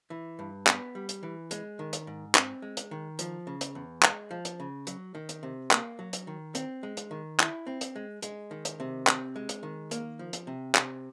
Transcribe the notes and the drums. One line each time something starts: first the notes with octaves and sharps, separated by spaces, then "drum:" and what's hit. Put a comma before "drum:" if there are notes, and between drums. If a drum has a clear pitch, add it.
E3
G2
B3, drum: clap
G3
drum: hi-hat
E3
G#3, drum: hi-hat
D#3
drum: hi-hat
G#2
C4, drum: clap
G#3
drum: hi-hat
D#3
F3, drum: hi-hat
C#3
drum: hi-hat
E2
G#3, drum: clap
F3
drum: hi-hat
C#3
F#3, drum: hi-hat
D#3
drum: hi-hat
C3
A#3, drum: clap
F#3
drum: hi-hat
D#3
C4, drum: hi-hat
G#3
drum: hi-hat
D#3
E4, drum: clap
C4
drum: hi-hat
G#3
G#3, drum: hi-hat
D#3
drum: hi-hat
C3
C4, drum: clap
G#3
drum: hi-hat
D#3
A#3, drum: hi-hat
F3
drum: hi-hat
C3
C3, drum: clap